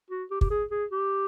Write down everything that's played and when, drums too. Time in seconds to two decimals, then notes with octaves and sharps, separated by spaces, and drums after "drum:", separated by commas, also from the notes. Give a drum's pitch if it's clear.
0.10 F#4
0.31 G4
0.41 G4, drum: kick
0.50 G#4
0.71 G#4
0.91 G4